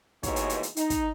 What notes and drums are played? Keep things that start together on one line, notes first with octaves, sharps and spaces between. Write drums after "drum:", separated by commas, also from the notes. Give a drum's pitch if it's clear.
D#2 G#2 B2 E3 D#4 C#5, drum: kick, hi-hat
drum: hi-hat
drum: hi-hat
drum: hi-hat
D#4, drum: hi-hat
drum: kick, hi-hat